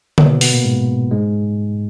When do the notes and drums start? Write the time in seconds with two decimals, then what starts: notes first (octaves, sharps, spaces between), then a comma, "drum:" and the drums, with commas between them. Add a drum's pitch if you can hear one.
0.18 B2 B3, drum: tom D3
0.29 B2 B3
0.41 B2 B3, drum: open hi-hat
0.53 A#2 A#3
0.65 G#2 G#3
1.11 G#2 G#3